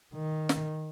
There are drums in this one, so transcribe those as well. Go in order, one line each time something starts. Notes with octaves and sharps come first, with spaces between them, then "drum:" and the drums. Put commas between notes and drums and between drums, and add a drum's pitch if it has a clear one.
D#3
drum: snare